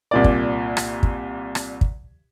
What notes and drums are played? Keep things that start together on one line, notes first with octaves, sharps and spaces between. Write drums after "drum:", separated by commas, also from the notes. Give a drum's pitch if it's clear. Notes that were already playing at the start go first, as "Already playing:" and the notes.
C2 A#2 D5
drum: kick
drum: rim click
drum: kick
drum: rim click
drum: kick